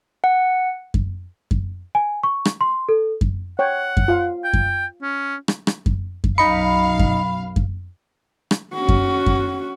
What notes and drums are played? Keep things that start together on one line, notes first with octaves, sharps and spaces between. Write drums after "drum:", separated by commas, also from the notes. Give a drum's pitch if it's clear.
F#5
drum: kick F#2
drum: kick F#2
G#5
C#6
drum: rim click
C6
A4
drum: kick F#2
C#5 F#5 G5
drum: kick F#2
F4 F5
G5
drum: kick F#2
C#4
drum: rim click
drum: rim click
drum: kick F#2
drum: kick F#2
B1 F#2 D#4 D#5 F5 B5 C#7
drum: kick F#2
drum: kick F#2
drum: rim click
C#4 F#4
drum: kick F#2
drum: kick F#2